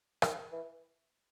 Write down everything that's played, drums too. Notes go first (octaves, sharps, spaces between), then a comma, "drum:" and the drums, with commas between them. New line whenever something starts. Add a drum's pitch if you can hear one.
D#3, drum: rim click
E3